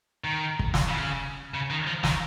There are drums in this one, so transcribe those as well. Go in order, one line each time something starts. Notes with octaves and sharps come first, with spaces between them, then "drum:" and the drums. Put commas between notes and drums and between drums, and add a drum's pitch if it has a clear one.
D#3
drum: kick
drum: snare
C#3
C#3
D#3
F3
D#3, drum: snare